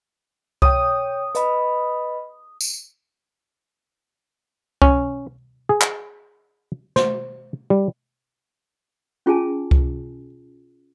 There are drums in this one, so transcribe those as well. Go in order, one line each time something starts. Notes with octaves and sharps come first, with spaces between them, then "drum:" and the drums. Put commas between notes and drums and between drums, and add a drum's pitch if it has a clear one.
C#5 G5 D#6, drum: kick C2
B4 D#5 B5, drum: hi-hat
drum: tambourine
C#4, drum: kick C2
G#4
drum: clap
C5, drum: snare
G3
C#4 F4 G#4 G#5 A5
drum: kick C2